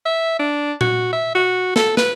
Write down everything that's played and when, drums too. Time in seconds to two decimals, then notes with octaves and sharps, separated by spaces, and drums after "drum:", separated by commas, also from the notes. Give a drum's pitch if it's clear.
0.05 E5
0.39 D4
0.81 F#4, drum: tom A#2
1.13 E5
1.35 F#4
1.76 A4, drum: snare
1.97 B4, drum: snare